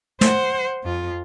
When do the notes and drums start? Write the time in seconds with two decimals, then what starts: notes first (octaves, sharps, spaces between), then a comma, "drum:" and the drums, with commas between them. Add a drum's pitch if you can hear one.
0.21 C5 F#5, drum: snare
0.83 F2 F4